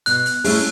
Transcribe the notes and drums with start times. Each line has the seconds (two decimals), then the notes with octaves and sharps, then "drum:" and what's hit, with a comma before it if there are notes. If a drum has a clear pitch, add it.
0.06 B2 F#6, drum: hi-hat
0.26 drum: hi-hat
0.44 A3 C#4 E4 G#4, drum: open hi-hat